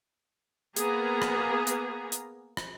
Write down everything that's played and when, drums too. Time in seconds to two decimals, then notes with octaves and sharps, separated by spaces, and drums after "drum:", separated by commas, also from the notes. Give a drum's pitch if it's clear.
0.76 A#3 B3 G#4 A#5, drum: hi-hat
1.22 drum: rim click
1.67 drum: hi-hat
2.12 drum: hi-hat
2.57 drum: rim click